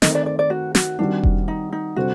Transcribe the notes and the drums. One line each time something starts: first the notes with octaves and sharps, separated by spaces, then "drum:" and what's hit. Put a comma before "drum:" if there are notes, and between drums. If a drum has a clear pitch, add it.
D#3 A3 C4 D#5, drum: snare
D5
D5
D5
F#4
F#4, drum: snare
D#3 G3 C4 D4 D#4 F#4
drum: kick F1
D#4
D#4
C3 G3 D4 F#4 A4 C5